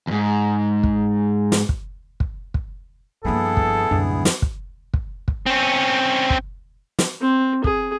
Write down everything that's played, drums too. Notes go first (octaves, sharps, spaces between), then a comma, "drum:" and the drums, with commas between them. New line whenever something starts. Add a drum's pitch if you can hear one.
E2 G#2
drum: kick
drum: snare
drum: kick
drum: kick
drum: kick
G2 F3 A#3 B3 E4 G#4 A4
drum: kick
D1 C2 F#2 D4
drum: snare
drum: kick
drum: kick
drum: kick
C4 C#4
drum: kick
drum: snare
C4
G#4, drum: kick